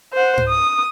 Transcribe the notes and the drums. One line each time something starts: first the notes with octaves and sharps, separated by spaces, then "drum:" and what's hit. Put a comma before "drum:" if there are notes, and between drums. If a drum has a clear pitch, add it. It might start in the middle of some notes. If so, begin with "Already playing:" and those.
C5 F#5
drum: tom G#2
D#6